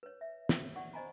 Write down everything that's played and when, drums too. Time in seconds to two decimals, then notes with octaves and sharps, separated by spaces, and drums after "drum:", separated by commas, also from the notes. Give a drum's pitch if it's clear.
0.03 B4 C#5
0.21 E5
0.49 drum: snare
0.64 C#5
0.76 D5 F#5 C#6
0.93 C5 D5 D#5 G#5 A#5 B5